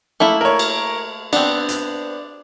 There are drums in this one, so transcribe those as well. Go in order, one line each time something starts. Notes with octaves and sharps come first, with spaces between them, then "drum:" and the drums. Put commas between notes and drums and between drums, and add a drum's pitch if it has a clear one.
A3 A#3 E4
A#4 C#5
drum: cymbal
B3 C4 D4, drum: cymbal
drum: hi-hat